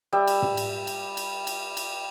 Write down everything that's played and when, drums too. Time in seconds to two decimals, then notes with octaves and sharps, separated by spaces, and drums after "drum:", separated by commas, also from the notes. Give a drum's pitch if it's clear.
0.12 G3 E5
0.27 drum: cymbal
0.42 drum: tom
0.57 drum: cymbal
0.87 drum: cymbal
1.17 drum: cymbal
1.47 drum: cymbal
1.77 drum: cymbal